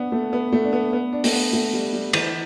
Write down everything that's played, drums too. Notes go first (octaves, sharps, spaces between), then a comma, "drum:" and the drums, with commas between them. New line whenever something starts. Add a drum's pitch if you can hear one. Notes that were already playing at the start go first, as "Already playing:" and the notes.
Already playing: B3 D4
A3
B3
A3
D4
B3
B3
D4
A3, drum: open hi-hat
B3
A3
G3
G3
E3, drum: cymbal